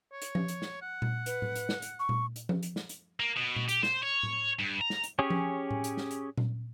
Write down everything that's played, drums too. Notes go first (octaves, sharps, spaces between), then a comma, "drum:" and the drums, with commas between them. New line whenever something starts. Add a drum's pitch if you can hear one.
C#5
drum: hi-hat
drum: tom F3
drum: hi-hat
drum: snare
F#5
drum: tom A#2
B4, drum: hi-hat
drum: tom A2
drum: hi-hat
drum: snare
drum: hi-hat
C#6
drum: tom A#2
drum: hi-hat
drum: tom F3
drum: hi-hat
drum: snare
drum: hi-hat
A#3
B2
drum: tom A#2
G4, drum: hi-hat
C5, drum: snare
C#5
drum: tom A2
G2
A#5
drum: snare
drum: hi-hat
C#4 G4 G#4 C#5
drum: tom F3
drum: tom A2
drum: hi-hat
drum: snare
drum: hi-hat
drum: tom A#2